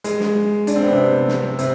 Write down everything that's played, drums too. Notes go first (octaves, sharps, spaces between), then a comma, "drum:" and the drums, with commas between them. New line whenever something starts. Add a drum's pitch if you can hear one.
G#3, drum: hi-hat
drum: snare
D4, drum: hi-hat
C4
B3
C3 C4
drum: snare
C3 C4, drum: hi-hat